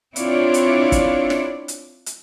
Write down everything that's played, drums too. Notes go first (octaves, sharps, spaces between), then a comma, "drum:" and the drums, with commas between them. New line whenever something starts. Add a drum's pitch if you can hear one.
C4 D4 E4 F4 C#5 D5, drum: hi-hat
drum: hi-hat
drum: kick F#1, hi-hat
drum: snare
drum: hi-hat
drum: hi-hat